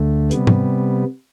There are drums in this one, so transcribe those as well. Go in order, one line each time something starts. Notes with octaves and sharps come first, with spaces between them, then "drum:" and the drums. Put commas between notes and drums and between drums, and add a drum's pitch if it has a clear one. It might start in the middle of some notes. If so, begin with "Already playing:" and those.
Already playing: D2 D3 A3
C3 G3 B3, drum: hi-hat
drum: tom